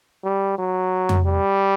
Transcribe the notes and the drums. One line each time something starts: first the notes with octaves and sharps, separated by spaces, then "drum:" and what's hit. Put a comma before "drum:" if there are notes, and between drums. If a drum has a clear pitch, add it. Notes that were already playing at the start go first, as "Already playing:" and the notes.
G3
F#3
drum: tom F2
G3